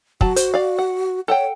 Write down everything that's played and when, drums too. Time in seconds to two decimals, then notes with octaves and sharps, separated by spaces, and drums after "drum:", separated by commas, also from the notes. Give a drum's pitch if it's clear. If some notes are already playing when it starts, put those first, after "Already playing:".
0.21 F#3 F#4 A5, drum: kick
0.36 C5, drum: hi-hat
0.54 D5 F5
0.79 F#5
1.28 A4 C#5 F#5 G5